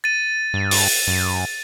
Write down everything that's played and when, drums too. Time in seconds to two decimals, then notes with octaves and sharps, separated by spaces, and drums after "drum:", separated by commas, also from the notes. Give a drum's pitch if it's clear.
0.04 A6 D#7
0.54 G2
0.71 drum: open hi-hat
1.07 F#2